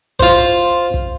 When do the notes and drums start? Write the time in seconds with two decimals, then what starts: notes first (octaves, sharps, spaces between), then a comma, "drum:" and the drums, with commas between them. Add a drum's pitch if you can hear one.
0.20 F4 C5, drum: kick
0.94 drum: kick